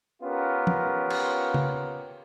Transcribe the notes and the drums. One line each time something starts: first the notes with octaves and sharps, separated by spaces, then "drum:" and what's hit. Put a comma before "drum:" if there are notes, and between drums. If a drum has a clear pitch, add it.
B3 C#4 F4 G4 A#4
drum: tom
drum: cymbal
drum: tom C#3